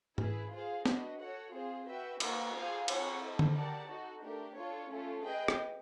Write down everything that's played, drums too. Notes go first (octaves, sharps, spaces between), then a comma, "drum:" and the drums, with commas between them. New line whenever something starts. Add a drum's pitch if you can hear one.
E4 G#4 B4, drum: tom G#2
F4 G#4 C5 F5
D4 F#4 B4 D#5, drum: snare
F#4 A4 C#5 F#5
C4 F4 G#4 C5
F#4 B4 E5 G5
A#3 D#4 F#4 B4, drum: cymbal
F4 G#4 C5 F5 G#5
C4 F4 G#4 C#5 F#5, drum: cymbal
E4 A4 C5 D#5
drum: tom D3
G4 A#4 D5 F#5 A5
D#4 F#4 A4
A3 D4 G4 A#4
D4 F4 A4 C#5
A3 C#4 F4
G#4 B4 D#5 G5
drum: rim click